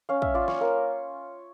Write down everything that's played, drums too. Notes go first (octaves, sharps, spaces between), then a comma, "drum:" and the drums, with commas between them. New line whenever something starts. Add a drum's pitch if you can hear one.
C#4 F5
E5, drum: kick
F4 D5
C#5, drum: snare
A#3 A#4